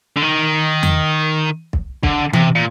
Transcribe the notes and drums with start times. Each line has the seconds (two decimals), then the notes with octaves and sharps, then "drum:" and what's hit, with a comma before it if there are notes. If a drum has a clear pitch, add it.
0.17 D3
0.23 D#3
0.83 drum: tom E2
1.73 drum: kick
2.03 D3, drum: kick
2.33 C3, drum: tom E3
2.55 A#2